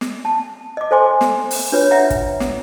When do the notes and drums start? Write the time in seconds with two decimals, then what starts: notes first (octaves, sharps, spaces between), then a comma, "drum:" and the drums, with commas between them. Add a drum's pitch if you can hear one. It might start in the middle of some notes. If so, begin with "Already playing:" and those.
0.01 drum: snare
0.25 A5
0.77 D#5 D6
0.91 A4 C5 G#5 C6 D6
1.21 drum: snare
1.51 drum: open hi-hat
1.72 D4 F4 B4 C#5
1.91 E5 F#5 G5 A#5
2.10 drum: kick, hi-hat
2.40 drum: snare